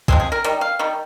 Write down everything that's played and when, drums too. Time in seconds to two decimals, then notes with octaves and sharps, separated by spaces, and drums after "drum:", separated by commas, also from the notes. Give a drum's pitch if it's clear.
0.08 F3 G#3 C4 G#4, drum: kick
0.20 G#4
0.32 A#4
0.45 D#3 G3, drum: hi-hat
0.61 F5
0.79 D#3 G3